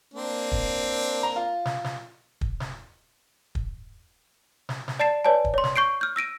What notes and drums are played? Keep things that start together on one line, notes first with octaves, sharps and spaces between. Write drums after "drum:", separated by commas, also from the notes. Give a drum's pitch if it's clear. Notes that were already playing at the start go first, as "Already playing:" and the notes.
A#3 C4 D4
drum: kick
A#5
F4
drum: snare
drum: snare
drum: kick
drum: snare
drum: kick
drum: snare
drum: snare
D5 A5 A6 C7 E7
B4 C#5 D5 G#5 A5
drum: kick
C#5 C6
drum: snare
C#6 G6 C7 D7
F6 G6
E6 A#6 D7 D#7